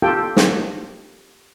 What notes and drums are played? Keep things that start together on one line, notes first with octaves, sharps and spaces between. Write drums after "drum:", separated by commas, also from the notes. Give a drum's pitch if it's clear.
F4 G4 A4 G5
drum: snare